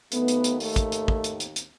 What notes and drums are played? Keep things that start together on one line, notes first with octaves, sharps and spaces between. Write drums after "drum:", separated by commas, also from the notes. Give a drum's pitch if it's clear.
D#2 D#3 A3 B3, drum: hi-hat
drum: hi-hat
drum: hi-hat
A3, drum: open hi-hat
drum: kick, hi-hat
drum: hi-hat
drum: kick
drum: hi-hat
drum: hi-hat
drum: hi-hat